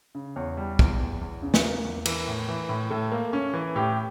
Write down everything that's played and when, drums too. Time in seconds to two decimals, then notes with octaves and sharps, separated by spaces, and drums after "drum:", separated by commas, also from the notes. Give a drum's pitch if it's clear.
0.15 C#3
0.36 E2 C#5
0.57 G3
0.79 E2, drum: kick
1.00 E2
1.21 E2
1.42 C#3
1.54 drum: snare
1.64 A#3
1.85 E2
2.05 E3 A#4, drum: cymbal
2.28 A2
2.48 E3
2.69 A2
2.90 A2 A4
3.12 A#3
3.33 C#4
3.53 E3
3.76 A2 G4